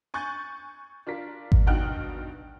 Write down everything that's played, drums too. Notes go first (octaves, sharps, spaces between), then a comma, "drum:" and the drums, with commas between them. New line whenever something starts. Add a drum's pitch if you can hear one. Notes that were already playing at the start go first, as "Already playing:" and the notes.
G#5 C#6 F#6 G6 A6
D4 F4 A#4 B6
drum: kick G#1
G2 B2 D#4 G5 F6 F#6